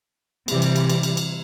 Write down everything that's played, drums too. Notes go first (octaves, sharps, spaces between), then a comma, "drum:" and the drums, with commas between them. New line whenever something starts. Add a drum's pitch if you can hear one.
C3 E3 G3, drum: cymbal
drum: cymbal
drum: cymbal
drum: cymbal
drum: cymbal
drum: cymbal